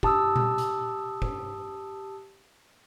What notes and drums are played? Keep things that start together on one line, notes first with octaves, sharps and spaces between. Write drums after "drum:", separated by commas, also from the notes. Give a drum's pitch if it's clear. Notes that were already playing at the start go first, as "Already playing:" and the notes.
G4 A5 D#6 E6, drum: kick
drum: tom A#2
drum: hi-hat
drum: kick